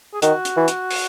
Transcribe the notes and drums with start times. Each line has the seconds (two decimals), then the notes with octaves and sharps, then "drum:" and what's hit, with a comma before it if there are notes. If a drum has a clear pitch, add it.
0.14 G#4
0.22 D#3 F#4, drum: hi-hat
0.45 drum: hi-hat
0.57 E3
0.68 drum: hi-hat
0.91 drum: open hi-hat